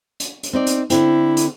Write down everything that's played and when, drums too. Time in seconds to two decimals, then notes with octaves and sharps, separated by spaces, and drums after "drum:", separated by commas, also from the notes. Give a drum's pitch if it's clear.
0.20 drum: hi-hat
0.43 drum: hi-hat
0.53 C4 D#4 D5
0.67 drum: hi-hat
0.90 D3 C4 E4, drum: hi-hat
1.37 drum: hi-hat